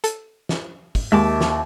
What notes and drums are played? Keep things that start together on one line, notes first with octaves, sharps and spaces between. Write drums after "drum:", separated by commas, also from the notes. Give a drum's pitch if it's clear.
A4, drum: hi-hat
drum: snare
drum: kick, open hi-hat
D#2 G#3 E5 A5 D6
drum: snare